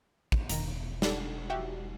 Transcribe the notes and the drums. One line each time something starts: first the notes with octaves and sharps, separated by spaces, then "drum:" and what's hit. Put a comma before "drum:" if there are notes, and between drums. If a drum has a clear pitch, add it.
drum: kick
E1 D#3 A#5, drum: hi-hat
G3 D4 A4, drum: snare
F#4 G4 E5